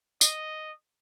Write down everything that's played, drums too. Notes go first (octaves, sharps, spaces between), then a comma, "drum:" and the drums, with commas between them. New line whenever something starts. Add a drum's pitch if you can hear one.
D#5, drum: tambourine